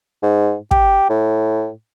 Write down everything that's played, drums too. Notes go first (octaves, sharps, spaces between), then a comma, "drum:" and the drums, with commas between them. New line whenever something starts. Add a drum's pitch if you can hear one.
G#2
G4, drum: kick
A2